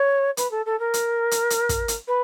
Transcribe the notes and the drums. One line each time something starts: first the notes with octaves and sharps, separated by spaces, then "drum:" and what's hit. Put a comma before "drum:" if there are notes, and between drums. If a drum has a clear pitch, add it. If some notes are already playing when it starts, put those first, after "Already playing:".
Already playing: C#5
B4, drum: hi-hat
A4
A4
A#4
drum: hi-hat
drum: hi-hat
drum: hi-hat
drum: kick, hi-hat
drum: hi-hat
B4